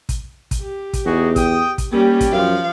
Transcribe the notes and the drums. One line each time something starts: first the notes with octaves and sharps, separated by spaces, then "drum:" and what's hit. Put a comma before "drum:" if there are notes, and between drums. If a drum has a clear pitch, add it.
drum: kick, hi-hat
drum: kick, hi-hat
G4
drum: kick, hi-hat
E2 D#4 F#4 G#4
G5 D#6, drum: kick, hi-hat
drum: kick, hi-hat
G3 A#3 C#4 G4
drum: kick, hi-hat
F#2 F3 F5